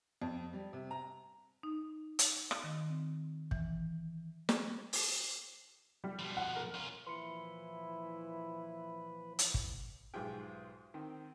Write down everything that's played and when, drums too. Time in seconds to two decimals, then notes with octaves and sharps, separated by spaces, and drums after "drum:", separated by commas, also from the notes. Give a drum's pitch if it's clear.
0.22 F2
0.53 G3
0.73 C3
0.91 A#5
1.63 D#4
2.19 drum: hi-hat
2.51 drum: rim click
2.64 D#3
2.89 C4
3.51 E3, drum: kick
4.49 drum: snare
4.93 drum: open hi-hat
6.04 G3
6.19 B2 F3
6.37 F#5
6.56 A#4
6.74 C#4 F4
7.07 A#2 E3 F3 E4 B4 C6 C#7
9.39 drum: hi-hat
9.54 drum: kick
10.14 B1 G#2 F4 G4 G#4 G5
10.94 D#3 C4